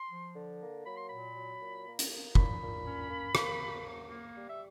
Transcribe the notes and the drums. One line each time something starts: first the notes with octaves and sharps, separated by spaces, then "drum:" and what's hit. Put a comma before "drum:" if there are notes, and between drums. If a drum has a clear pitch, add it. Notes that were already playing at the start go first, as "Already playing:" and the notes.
Already playing: C6
F3
D3
A#3
F#3 B5
C6
A#2 B5
F#3
A#2
A#3
drum: hi-hat
A#3
A#2 B5, drum: kick
A#2
C#4
A#3
A#3, drum: rim click
A#3
F#2
A#3
G3
E5